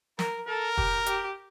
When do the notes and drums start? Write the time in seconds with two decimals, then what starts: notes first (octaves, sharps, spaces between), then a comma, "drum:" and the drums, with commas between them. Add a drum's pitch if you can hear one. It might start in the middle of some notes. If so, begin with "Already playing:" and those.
0.19 A#4, drum: snare
0.48 A4 A#4
0.77 G4, drum: kick
1.06 G4, drum: hi-hat